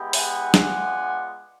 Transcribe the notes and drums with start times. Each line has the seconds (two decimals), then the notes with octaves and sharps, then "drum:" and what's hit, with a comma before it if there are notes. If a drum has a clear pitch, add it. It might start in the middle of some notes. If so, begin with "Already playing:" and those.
Already playing: G#3 B3 E4 G4
0.13 F#5 G#5, drum: open hi-hat
0.54 G#3 B3 D4 F4, drum: snare